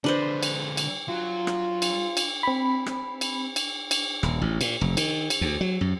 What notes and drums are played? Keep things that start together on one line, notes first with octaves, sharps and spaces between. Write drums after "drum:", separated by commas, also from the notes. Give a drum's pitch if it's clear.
D3 G#3 D4 B4 C5
drum: cymbal
drum: cymbal
F#3 F4
drum: rim click
drum: cymbal
drum: cymbal
C4 B5
drum: rim click
drum: cymbal
drum: cymbal
drum: cymbal
D#1, drum: rim click
A1
A#2, drum: cymbal
F1
D#3, drum: cymbal
drum: cymbal
D2
F#3
F#2